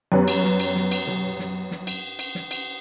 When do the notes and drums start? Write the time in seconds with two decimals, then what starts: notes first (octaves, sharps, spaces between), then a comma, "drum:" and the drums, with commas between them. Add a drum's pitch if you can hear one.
0.12 F#2 G3 B3 C#4
0.28 drum: cymbal
0.44 drum: snare
0.60 drum: cymbal
0.75 drum: snare
0.91 drum: cymbal
1.07 drum: tom B2
1.39 drum: snare
1.71 drum: snare
1.87 drum: cymbal
2.19 drum: cymbal
2.35 drum: snare
2.51 drum: cymbal